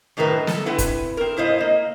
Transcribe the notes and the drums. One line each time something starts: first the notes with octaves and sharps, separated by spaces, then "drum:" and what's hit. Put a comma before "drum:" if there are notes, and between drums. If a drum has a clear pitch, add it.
F#2 A2 D#3 A#4 B4 E5
A4, drum: snare
C4 E4 B4 E5 F#5
drum: kick, hi-hat
C4 A#4
G#2 E4 C5 D#5 F5
A#3 D#5